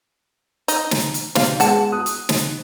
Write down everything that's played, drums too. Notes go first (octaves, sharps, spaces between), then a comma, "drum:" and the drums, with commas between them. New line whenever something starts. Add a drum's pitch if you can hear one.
D#4, drum: hi-hat
drum: snare
drum: hi-hat
B2 G3 F5, drum: snare
G#3 B3 F#5 A5, drum: hi-hat
D#6 F#6
drum: hi-hat
drum: snare